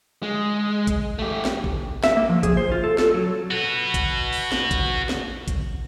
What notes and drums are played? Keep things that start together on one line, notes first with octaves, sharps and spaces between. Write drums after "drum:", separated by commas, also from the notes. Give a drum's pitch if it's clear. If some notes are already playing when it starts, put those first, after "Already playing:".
G#3
drum: kick, hi-hat
A3 G4
drum: snare
drum: kick
E5, drum: snare
A#3
F3
G#4, drum: kick, hi-hat
C5
F4
A4
A4, drum: snare
F#3
F#4 B4
drum: kick, hi-hat
drum: open hi-hat
drum: snare
drum: kick, hi-hat
drum: snare
drum: kick, hi-hat